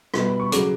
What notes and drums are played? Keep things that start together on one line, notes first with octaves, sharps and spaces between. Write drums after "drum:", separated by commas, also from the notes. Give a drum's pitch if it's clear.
B2 G3 B3, drum: rim click
B5
C#6
C#3 F#3 A3 D6, drum: hi-hat